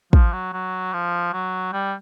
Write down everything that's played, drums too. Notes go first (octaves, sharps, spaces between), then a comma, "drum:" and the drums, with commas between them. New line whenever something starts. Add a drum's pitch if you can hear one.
F3, drum: kick
F#3
F#3
F3
F#3
G3